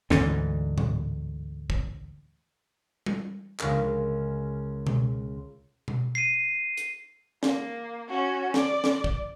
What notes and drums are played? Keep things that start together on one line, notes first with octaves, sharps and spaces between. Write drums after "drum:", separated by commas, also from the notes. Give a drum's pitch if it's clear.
D2 G#2 E3, drum: snare
drum: tom A2
drum: kick
drum: tom G3
C#2 C#3 A#4, drum: clap
drum: tom B2
drum: tom B2
C7 D#7
drum: hi-hat
A#3, drum: snare
C#4 F#4
D5, drum: snare
drum: snare
drum: kick